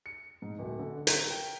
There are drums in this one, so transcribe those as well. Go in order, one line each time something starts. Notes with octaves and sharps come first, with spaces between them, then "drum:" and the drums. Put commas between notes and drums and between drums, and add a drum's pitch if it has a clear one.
C#7
G#2
D1
D3
A#4, drum: hi-hat
G5